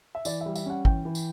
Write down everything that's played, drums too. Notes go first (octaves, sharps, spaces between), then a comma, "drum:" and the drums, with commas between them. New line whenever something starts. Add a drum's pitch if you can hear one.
E5
E3 D5, drum: tambourine
G3 E5
E5, drum: tambourine
C#4 F#5
E3 G5, drum: kick
E3
drum: tambourine